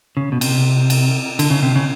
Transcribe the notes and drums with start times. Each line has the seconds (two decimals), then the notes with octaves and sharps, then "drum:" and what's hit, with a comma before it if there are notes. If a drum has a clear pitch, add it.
0.17 C#3
0.32 B2
0.41 C3, drum: cymbal
0.90 drum: cymbal
1.39 D3, drum: cymbal
1.51 C#3
1.63 C3
1.76 C#3